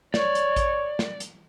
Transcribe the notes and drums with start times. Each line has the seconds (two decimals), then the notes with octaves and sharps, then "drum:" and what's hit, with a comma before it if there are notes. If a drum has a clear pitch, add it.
0.14 C#5 D5, drum: snare
0.35 drum: hi-hat
0.56 drum: kick A1, hi-hat
0.99 drum: snare
1.20 drum: hi-hat